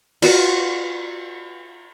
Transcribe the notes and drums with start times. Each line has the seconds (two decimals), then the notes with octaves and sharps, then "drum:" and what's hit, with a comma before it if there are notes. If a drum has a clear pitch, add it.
0.22 F4 F#4 F5 F#5, drum: cymbal